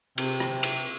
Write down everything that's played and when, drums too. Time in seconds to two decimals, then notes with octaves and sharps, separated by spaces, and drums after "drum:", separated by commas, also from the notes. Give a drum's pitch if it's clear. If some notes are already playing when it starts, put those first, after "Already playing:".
0.18 C3, drum: cymbal
0.40 drum: rim click
0.63 drum: cymbal